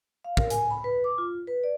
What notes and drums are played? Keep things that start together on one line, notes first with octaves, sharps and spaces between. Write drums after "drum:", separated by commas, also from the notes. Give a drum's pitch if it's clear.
F5
A#4, drum: kick
G#5, drum: hi-hat
B5
B4
D6
F4
B4
D5